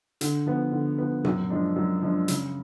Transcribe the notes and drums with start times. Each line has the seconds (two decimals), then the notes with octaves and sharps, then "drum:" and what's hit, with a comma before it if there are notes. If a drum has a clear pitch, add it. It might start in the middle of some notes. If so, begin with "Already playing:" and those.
0.21 D3, drum: hi-hat
0.46 F3 B3
0.72 D3
0.98 F3 B3
1.24 F#2, drum: tom A#2
1.50 F3 G#3 D4
1.76 F#2
2.02 F3 G#3 D4
2.28 C#3, drum: hi-hat